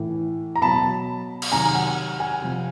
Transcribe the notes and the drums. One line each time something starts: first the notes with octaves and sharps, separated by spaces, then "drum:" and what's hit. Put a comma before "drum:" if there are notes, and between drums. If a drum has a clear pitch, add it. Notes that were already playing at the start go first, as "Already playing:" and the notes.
Already playing: A2 E3
A#5
B2 F#3 A5 B5
drum: cymbal
C3 D#3 F#3 G#5 A#5
F#5 G#5
F#5 G#5
C3 F3